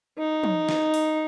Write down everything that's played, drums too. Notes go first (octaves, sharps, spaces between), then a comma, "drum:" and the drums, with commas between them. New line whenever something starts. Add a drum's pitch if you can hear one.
D#4
drum: tom
drum: snare
drum: open hi-hat